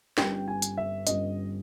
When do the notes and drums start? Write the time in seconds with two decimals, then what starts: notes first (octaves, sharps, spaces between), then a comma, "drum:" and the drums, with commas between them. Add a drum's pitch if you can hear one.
0.18 G1 G2 G3 C#4 G5, drum: snare
0.48 G#5
0.62 drum: hi-hat
0.78 E5
1.07 G1 G2 G3 C#4 D#5, drum: hi-hat